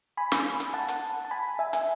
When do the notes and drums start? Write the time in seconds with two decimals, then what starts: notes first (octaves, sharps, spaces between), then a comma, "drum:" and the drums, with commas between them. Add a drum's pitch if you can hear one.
0.17 G#5 B5
0.32 drum: snare
0.60 drum: hi-hat
0.74 F#5 A5
0.88 drum: hi-hat
1.25 A5
1.31 G#5 B5
1.59 E5 G#5
1.73 E5 G#5, drum: hi-hat